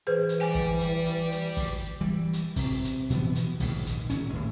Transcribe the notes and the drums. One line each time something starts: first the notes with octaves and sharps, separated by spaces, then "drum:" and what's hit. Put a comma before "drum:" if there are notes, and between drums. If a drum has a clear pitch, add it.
E3 G#4 B4 C5
drum: hi-hat
G4 D5 G#5
drum: kick
drum: hi-hat
drum: hi-hat
drum: hi-hat
drum: kick, open hi-hat
E3 G3
drum: hi-hat
C3, drum: kick, open hi-hat
drum: hi-hat
B2 E3 F3 B3, drum: hi-hat
drum: hi-hat
A#1 D#2 G#2, drum: kick, open hi-hat
drum: hi-hat
G#1 A#2 C#4, drum: hi-hat
D#2 A2